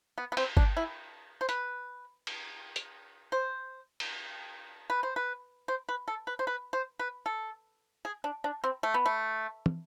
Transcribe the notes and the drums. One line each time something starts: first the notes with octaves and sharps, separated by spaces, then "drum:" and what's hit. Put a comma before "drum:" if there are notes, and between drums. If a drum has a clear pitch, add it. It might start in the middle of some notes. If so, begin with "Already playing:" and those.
B3
B3
C4, drum: cymbal
D4, drum: kick G1
E4
C5
B4, drum: hi-hat
drum: cymbal
drum: hi-hat
C5
drum: cymbal
B4
C5
B4
C5
B4
A4
B4
C5
B4
C5
B4
A4
G#4
D4
D4
C4
A3
B3
A3
drum: tom